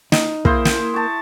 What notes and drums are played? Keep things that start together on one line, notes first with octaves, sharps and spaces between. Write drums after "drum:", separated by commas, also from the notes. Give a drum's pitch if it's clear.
D#4, drum: snare
A#3 E4 G#4 C5, drum: kick
drum: snare
A5 C#6